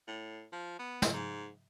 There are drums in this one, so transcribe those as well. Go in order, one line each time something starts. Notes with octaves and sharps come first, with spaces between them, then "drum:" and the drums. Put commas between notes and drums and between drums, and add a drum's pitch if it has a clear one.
A2
F3
B3
drum: snare
G#2